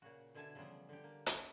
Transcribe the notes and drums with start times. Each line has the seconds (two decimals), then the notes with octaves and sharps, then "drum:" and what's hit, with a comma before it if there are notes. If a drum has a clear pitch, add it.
0.02 A#2 C#3 F#4
0.35 B2 D3 E4 E5 G#5 A5
0.55 C#3 E3 F3 G3 B3
0.89 D3 G4
1.03 A#3
1.26 C#4 D#4 F4 A4, drum: hi-hat